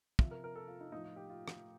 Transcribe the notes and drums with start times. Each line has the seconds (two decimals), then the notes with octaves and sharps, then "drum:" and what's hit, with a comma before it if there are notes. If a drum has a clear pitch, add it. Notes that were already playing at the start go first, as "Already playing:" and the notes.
0.19 C3 F3, drum: kick
0.31 A#4
0.44 A#4
0.56 A4
0.68 F4
0.81 D#4
0.92 A2 F3 D#4
1.04 F4
1.16 G4
1.30 F4
1.48 drum: rim click